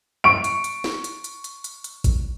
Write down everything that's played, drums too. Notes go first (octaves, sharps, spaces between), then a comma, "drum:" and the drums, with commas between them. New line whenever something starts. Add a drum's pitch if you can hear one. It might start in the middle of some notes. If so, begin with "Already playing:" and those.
C#6 D7
drum: hi-hat
drum: hi-hat
drum: snare
drum: hi-hat
drum: hi-hat
drum: hi-hat
drum: hi-hat
drum: hi-hat
drum: kick, hi-hat